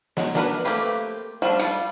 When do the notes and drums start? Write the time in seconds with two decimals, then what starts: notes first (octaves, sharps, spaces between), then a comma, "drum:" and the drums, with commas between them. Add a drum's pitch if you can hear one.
0.17 F#3 G#3 D#4, drum: snare
0.35 D4 A#4 B4, drum: snare
0.65 A3 A#3 C4 G4 B4, drum: hi-hat
1.42 F3 G3 A3 D4
1.59 G3 F4, drum: rim click